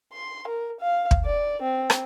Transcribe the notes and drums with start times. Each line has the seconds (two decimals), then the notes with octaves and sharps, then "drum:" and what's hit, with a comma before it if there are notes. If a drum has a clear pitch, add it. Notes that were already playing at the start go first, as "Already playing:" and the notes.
0.14 C6
0.48 A#4
0.81 F5
1.11 drum: kick
1.26 D5
1.62 C4
1.90 drum: rim click